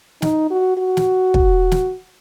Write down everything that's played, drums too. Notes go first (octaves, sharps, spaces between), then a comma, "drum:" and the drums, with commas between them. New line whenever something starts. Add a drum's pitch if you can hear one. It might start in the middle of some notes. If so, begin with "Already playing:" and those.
D#4, drum: snare
F#4
F#4
drum: snare
drum: kick
drum: snare